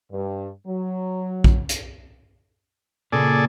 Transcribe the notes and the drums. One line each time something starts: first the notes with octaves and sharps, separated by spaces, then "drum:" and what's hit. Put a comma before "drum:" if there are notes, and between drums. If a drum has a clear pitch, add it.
G2
F#3
drum: kick A#1
drum: hi-hat
A#2 C#3 A#3 G#4 A4 D5